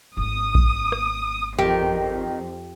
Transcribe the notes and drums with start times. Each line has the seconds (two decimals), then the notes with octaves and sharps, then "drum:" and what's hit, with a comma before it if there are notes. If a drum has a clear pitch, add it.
0.17 G#1 A3 D#6
0.55 drum: kick A#1
0.92 drum: rim click
1.59 F2 D#3 G4